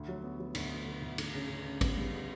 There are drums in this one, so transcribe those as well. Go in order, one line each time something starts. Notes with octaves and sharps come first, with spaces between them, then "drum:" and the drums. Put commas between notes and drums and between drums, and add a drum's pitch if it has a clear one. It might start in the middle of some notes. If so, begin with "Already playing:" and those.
Already playing: D2
F#3
B3
F#3
D2, drum: cymbal
B3
D3
D2
D2, drum: cymbal
C#3
C#3
C#3
B3, drum: kick, cymbal
G3
B3